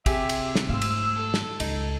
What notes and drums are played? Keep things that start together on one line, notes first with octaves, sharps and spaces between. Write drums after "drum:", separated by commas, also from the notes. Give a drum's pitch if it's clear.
C3 G4 G#4 E5, drum: kick, cymbal
drum: cymbal
drum: snare
G#2 A3 C5 F5 E6
drum: cymbal
A4
drum: snare
C#2 D#4, drum: cymbal